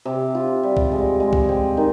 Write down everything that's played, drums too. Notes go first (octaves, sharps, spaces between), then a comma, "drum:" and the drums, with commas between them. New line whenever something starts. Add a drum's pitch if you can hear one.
C3
F4
G3
drum: kick C2
G#3
G#3
drum: kick C2
C4
D#3